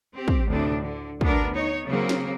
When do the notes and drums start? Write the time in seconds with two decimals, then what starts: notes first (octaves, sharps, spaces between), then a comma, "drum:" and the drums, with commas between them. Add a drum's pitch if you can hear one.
0.13 C4 G4
0.28 drum: kick
0.47 D2 A2 C3 D4
0.80 D3
1.21 D2 B3 D4 A#4, drum: kick
1.55 D#4 C#5
1.86 C#3 F#3 A#3 C4
2.09 drum: snare